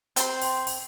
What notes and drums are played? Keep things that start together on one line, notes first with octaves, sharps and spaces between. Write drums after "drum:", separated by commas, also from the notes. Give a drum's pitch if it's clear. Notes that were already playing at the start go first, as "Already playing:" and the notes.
C4 G5 A5 C6, drum: hi-hat
drum: open hi-hat
drum: open hi-hat